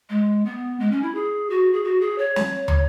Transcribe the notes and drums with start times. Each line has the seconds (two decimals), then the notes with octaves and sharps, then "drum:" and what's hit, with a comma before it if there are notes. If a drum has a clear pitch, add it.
0.09 G#3
0.45 B3
0.80 G#3
0.91 C#4
1.03 E4
1.15 G#4
1.50 F#4
1.73 G#4
1.84 F#4
2.01 G#4
2.18 C#5
2.36 C#5, drum: snare
2.68 drum: tom